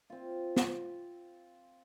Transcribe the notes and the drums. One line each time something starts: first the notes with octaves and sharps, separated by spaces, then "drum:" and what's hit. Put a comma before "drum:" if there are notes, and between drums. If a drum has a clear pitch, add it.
C4 F4
drum: snare